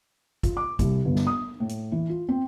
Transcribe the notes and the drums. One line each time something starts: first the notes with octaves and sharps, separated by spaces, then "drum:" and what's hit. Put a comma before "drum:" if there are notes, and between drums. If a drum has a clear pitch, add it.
F4, drum: kick, hi-hat
D6
C2, drum: kick, hi-hat
G1
drum: snare
D#6
A2
drum: hi-hat
E3
F4
C4